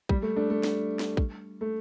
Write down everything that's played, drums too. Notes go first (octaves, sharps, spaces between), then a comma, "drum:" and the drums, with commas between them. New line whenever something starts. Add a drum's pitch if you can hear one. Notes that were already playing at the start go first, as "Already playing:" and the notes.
G3, drum: kick
A3
A3 D4
A3
drum: snare
drum: snare
drum: kick
A3